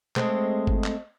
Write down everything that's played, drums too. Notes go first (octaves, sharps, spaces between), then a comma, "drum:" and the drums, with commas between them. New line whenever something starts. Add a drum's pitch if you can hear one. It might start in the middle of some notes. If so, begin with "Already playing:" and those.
G#3 A3 C4, drum: clap
drum: kick G1
drum: clap